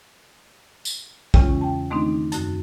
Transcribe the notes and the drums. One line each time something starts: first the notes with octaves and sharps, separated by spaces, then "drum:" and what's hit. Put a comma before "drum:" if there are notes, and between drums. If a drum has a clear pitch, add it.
drum: tambourine
E2 C#3 E3 G#3 C#4 F4, drum: kick
G5 A5
D#3 A3 C4 D4 D#4
F#2 F#4, drum: hi-hat